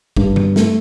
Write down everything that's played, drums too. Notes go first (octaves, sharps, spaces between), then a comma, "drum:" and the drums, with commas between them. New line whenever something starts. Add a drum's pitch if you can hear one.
G2, drum: kick
drum: tom C#3
A3, drum: snare